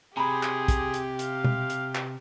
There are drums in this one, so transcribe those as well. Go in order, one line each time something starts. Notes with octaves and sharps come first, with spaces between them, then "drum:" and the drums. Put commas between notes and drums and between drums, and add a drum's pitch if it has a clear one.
C3 G4 G#4 A#5 B5
drum: clap
drum: kick, hi-hat
drum: hi-hat
F5, drum: hi-hat
drum: tom B2
drum: hi-hat
drum: clap